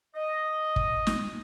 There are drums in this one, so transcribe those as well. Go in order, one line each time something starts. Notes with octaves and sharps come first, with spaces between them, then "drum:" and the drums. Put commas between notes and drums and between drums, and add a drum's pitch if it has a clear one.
D#5
drum: kick
drum: snare